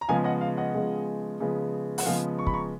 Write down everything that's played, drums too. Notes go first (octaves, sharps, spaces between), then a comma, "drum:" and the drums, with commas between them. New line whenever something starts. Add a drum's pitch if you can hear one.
A#5
C#3 F3 G#3 B3 F5 G#5
D#5 F#5
F5
D#5 F#5
C#3 F3 G#3 B3
C#3 F3 G#3 B3
F#5, drum: open hi-hat
C#3 F3 G#3 B3 F5
C#6
B5, drum: kick
A#5 C#6